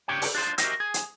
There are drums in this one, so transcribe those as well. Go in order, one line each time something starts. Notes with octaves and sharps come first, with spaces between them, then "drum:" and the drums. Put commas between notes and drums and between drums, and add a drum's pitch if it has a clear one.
C#3 D4 G4 C#5 G5
drum: open hi-hat
D4 F4 C5
F#4 G4 A#4 C5 D#5 E5, drum: hi-hat
G#4
drum: hi-hat